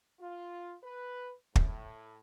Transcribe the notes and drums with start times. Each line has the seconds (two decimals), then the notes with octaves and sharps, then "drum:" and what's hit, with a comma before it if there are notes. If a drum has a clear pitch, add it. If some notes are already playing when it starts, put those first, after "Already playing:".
0.21 F4
0.84 B4
1.56 A2, drum: kick